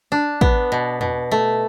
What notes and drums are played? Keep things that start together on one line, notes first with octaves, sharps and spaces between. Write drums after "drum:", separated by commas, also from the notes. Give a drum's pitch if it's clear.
D4
B3, drum: kick
B2
B2, drum: tom E2
A3